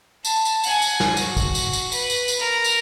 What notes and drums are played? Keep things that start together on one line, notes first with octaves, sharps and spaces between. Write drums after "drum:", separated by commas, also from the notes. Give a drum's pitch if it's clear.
A5, drum: tambourine
drum: tambourine
F#5 G#5, drum: tambourine
drum: tambourine
drum: snare
F#4, drum: tambourine
drum: kick, tambourine
drum: tambourine
drum: tambourine
B4, drum: tambourine
drum: tambourine
drum: tambourine
A#4
drum: tambourine